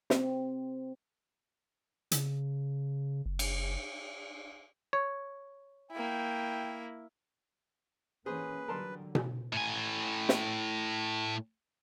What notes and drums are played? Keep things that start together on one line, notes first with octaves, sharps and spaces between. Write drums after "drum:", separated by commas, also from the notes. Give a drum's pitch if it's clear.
C4, drum: snare
C#3, drum: hi-hat
F#1
drum: cymbal
C#5
A#3 E4 G5
E3 A#3 C#4 G#4 B4 C5
D3 F#3 G3 A#4 A5 C6
drum: tom B2
A2 G#5
drum: snare